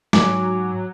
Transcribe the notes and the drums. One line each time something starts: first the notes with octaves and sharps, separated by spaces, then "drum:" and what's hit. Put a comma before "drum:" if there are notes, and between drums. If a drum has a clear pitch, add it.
G#2 F#3 G#5 D6, drum: snare